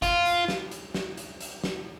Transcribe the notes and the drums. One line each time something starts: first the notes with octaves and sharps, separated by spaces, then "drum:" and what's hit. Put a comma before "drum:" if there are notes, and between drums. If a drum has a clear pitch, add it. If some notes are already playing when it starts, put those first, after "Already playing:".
F4, drum: kick G1, hi-hat
drum: hi-hat
drum: snare
drum: hi-hat
drum: snare
drum: hi-hat
drum: hi-hat
drum: snare